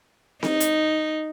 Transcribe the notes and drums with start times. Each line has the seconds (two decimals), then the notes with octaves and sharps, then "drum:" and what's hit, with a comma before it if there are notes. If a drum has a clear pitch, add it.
0.43 D#4, drum: snare C4
0.60 drum: hi-hat